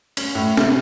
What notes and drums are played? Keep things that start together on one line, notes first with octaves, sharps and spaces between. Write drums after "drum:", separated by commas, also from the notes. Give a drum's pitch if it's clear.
C#4, drum: cymbal
A2
C3, drum: snare C#4